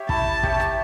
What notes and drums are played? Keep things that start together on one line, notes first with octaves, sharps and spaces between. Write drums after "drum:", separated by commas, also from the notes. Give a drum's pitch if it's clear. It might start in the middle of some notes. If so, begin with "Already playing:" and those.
Already playing: G4 C#5 E5
E4 A5, drum: kick
G4 C#5 E5, drum: kick
drum: rim click